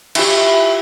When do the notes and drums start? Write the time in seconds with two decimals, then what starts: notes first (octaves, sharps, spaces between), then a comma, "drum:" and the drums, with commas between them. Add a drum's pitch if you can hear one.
0.15 E4 F4 G4 E5, drum: cymbal